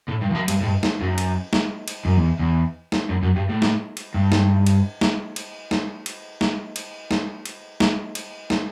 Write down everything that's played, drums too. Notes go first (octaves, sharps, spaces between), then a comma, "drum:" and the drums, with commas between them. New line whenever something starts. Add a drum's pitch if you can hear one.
A2
G2
E2
F#2
G2, drum: cymbal
A2
G2
drum: snare
F#2
drum: cymbal
drum: snare
drum: cymbal
F#2
E2
E2
drum: snare
F#2
F#2
G2
A2
drum: snare
drum: cymbal
G2
drum: snare
drum: cymbal
drum: snare
drum: cymbal
drum: snare
drum: cymbal
drum: snare
drum: cymbal
drum: snare
drum: cymbal
drum: snare
drum: cymbal
drum: snare